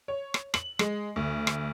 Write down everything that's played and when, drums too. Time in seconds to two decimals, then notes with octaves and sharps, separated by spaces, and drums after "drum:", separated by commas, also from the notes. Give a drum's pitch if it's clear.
0.08 C#5
0.34 drum: rim click
0.54 F#7, drum: rim click
0.79 G#3, drum: rim click
1.16 D2
1.47 drum: rim click